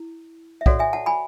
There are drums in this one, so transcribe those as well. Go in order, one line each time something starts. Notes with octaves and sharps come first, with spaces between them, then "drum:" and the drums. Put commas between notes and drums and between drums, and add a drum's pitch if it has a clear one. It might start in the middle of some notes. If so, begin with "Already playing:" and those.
Already playing: E4
E5
F#4 A4 C#5 D5 F#5, drum: kick
E5 G#5
F#5 A5
G#5 B5